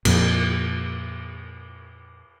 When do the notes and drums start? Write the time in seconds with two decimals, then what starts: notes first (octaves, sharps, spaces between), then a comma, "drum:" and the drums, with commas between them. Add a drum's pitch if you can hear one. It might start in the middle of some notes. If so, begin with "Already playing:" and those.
0.05 F2 A#2, drum: cymbal